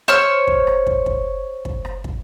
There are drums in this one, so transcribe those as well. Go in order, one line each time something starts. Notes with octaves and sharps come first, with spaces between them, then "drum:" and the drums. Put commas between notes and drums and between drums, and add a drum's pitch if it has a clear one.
C5 C#5 E6 F6
drum: kick
drum: rim click
drum: kick
drum: kick
drum: kick
drum: rim click
drum: kick